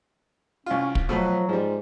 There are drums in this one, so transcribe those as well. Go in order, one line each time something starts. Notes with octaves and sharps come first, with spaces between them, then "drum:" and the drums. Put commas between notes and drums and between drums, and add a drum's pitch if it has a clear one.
C2 C#4 F4
drum: kick
B2 F3 F#3 A3 B3
G#2 F3 G3